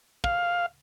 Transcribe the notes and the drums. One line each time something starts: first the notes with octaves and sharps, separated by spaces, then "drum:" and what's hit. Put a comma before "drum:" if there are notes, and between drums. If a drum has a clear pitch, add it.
F5, drum: kick